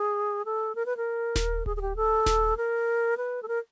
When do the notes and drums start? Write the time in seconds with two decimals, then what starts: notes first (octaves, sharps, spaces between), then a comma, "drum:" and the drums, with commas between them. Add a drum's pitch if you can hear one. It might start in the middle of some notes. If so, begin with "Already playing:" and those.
Already playing: G#4
0.45 A4
0.75 A#4
0.86 B4
0.97 A#4
1.36 drum: snare D#1
1.66 G#4, drum: kick D1
1.76 G#4
1.81 G4
1.96 A4
2.26 drum: snare D#1
2.57 A#4
3.17 B4
3.43 A4
3.48 A#4